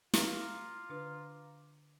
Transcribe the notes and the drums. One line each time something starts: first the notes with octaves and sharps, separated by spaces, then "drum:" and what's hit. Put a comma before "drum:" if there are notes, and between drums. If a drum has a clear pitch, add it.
F4 F5 A#5 D6, drum: snare
D3 D4 B4